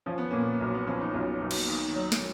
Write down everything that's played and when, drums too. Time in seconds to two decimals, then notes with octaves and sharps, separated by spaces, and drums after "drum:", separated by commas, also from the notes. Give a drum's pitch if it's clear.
0.06 F3 C#4
0.18 B3
0.31 A#2 A#3 C#4
0.60 B1
0.74 B3
0.87 F3 C#4
1.01 D#4
1.14 B1 C#4 F4
1.41 B1 B3 D#4
1.51 drum: cymbal
1.68 D#3
1.96 F#3
2.12 drum: snare